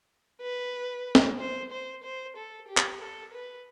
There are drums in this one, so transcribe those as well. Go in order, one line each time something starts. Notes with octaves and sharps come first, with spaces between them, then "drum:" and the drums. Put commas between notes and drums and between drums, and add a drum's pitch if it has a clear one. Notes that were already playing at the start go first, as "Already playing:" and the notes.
B4
drum: snare
C5
C5
C5
A4
G4
drum: clap
A4
B4